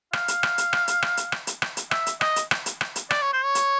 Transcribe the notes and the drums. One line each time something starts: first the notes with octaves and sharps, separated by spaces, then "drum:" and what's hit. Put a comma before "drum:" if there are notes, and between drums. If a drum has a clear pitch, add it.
F5, drum: rim click
drum: hi-hat
drum: rim click
drum: hi-hat
drum: rim click
drum: hi-hat
drum: rim click
drum: hi-hat
drum: rim click
drum: hi-hat
drum: rim click
drum: hi-hat
E5, drum: rim click
drum: hi-hat
D#5, drum: rim click
drum: hi-hat
drum: rim click
drum: hi-hat
drum: rim click
drum: hi-hat
D5, drum: rim click
C#5
C5
C#5
drum: hi-hat